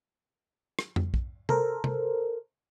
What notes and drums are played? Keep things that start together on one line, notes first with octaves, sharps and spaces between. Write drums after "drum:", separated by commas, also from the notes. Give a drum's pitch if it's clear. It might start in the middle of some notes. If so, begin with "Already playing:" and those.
drum: rim click
drum: tom F2
drum: kick
A4 A#4 C5, drum: tom C3
drum: tom C3